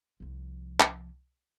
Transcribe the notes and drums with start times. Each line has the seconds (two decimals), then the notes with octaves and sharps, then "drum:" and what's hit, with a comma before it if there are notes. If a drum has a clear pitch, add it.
0.20 C2 F3
0.80 drum: clap